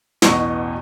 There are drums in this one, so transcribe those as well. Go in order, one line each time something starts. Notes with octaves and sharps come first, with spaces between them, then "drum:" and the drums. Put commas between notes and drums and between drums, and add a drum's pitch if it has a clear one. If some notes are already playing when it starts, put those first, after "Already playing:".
A1 E2 B2 D#5 C#6, drum: snare